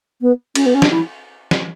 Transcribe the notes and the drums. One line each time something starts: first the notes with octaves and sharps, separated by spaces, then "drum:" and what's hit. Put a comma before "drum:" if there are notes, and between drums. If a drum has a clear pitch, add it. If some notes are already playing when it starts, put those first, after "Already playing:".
B3
C#4, drum: cymbal
B3
C#4
D4, drum: snare
E4
drum: snare